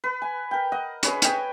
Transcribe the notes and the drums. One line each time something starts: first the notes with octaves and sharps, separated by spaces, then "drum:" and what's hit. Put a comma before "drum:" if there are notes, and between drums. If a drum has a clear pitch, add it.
B4
G#5
A#4 G5
D#5 F#5
G#4 B4 C#5, drum: hi-hat
D#5 G5 G#5, drum: hi-hat